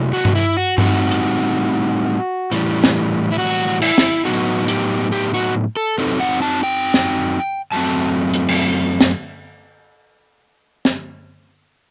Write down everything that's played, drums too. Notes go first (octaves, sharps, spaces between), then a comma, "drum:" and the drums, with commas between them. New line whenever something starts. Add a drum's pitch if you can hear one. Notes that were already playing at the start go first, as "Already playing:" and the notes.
Already playing: C3 F#3 A3 E4
F#4
drum: tom G2
E4
F#4
A2 G3 C4 D#4 F#4, drum: tom G2
drum: hi-hat
A2 E3 G3, drum: hi-hat
drum: snare
E4
F#4
E4, drum: cymbal
drum: snare
A2 F#3 B3 D#4 F#4
G4, drum: hi-hat
G4
F#4
A4
F#2 F#3 C4 D#4 A4
F#5
A5
G5
drum: snare
F#2 F#3 A3 C4 A5
drum: hi-hat
drum: cymbal
drum: snare
drum: snare